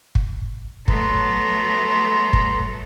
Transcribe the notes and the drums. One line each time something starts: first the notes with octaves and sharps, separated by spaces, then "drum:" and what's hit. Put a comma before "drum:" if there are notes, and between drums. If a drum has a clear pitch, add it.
drum: kick
F#3 A3 B3 A4 A#5 C6, drum: kick
drum: kick